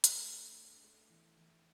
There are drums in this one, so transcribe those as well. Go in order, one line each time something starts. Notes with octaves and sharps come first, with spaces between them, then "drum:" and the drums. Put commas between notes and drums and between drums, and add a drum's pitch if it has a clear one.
A3, drum: hi-hat
D4
D4
A3
E3
E3